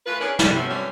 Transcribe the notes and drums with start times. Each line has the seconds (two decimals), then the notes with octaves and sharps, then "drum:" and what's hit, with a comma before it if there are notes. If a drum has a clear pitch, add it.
0.06 A2 E3 F4 B4
0.20 C#4 D4 E4 G#4 A#4 B4
0.39 G3, drum: snare
0.55 C3 F3 B3 C#4 F#4 E5
0.70 D3 E3 F#3 G3 C4 C#4